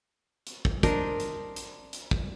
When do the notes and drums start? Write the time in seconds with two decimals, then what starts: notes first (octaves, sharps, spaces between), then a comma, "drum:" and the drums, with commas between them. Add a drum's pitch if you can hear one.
0.47 drum: hi-hat
0.65 drum: kick
0.83 D4 A#4 C5 D#5, drum: kick, hi-hat
1.20 drum: hi-hat
1.56 drum: hi-hat
1.93 drum: hi-hat
2.11 drum: kick